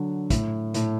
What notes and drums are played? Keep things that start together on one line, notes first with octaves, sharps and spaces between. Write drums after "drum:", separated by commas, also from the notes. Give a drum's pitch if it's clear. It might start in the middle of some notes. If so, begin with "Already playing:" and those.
Already playing: D3 F#3
A2, drum: kick, hi-hat
A2, drum: hi-hat